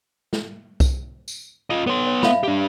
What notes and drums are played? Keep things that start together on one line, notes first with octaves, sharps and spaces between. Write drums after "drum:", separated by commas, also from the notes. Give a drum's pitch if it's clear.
drum: snare
drum: kick C2, tambourine
drum: tambourine
F4 D#5
B3 A4 C#5 C6
C#5
E5 F5 B5, drum: snare
D4 G4